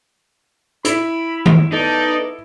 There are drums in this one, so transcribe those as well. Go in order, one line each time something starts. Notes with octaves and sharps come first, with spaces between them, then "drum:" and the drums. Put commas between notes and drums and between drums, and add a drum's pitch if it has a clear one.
E4 B5, drum: hi-hat
drum: tom D#3
B3 D#4 A4 D5